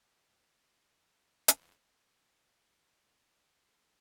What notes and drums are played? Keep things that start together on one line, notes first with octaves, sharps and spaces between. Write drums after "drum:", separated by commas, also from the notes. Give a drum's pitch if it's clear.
D#5
F#3
F5
G4
drum: hi-hat
G5 B5 G#6
B2 C6 A6 F#7
E2 A2 D3 B5 F#6 C#7
F#4 C#5 D6
E4 G5